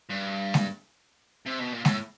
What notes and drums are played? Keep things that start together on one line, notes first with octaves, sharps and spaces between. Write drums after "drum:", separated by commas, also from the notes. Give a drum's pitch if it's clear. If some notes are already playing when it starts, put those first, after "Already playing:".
G2
drum: snare G#3
C3
B2
A#2
A2, drum: snare G#3